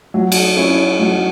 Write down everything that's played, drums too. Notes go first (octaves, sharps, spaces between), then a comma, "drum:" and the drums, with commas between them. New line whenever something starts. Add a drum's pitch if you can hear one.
F#3
drum: cymbal
C#4 E4 C#5
F#3